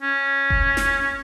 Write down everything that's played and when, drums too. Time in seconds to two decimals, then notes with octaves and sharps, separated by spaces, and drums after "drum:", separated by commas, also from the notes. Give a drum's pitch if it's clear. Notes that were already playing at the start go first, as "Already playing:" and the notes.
0.02 C#4
0.50 drum: kick F1
0.77 drum: snare